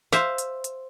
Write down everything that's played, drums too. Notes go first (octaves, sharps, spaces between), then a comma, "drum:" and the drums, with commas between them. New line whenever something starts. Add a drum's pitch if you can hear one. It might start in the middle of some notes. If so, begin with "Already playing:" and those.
C5 E5 F5, drum: snare
drum: hi-hat
drum: hi-hat